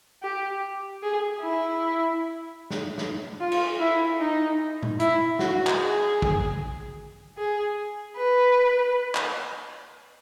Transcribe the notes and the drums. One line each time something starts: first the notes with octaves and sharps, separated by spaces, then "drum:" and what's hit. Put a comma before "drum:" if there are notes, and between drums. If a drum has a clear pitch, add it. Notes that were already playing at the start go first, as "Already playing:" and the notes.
G4
G#4
E4
drum: snare
drum: snare
F4
drum: cymbal
E4
D#4
drum: tom
E4, drum: hi-hat
F#4, drum: snare
drum: clap
G#4
drum: kick
G#4
B4
drum: clap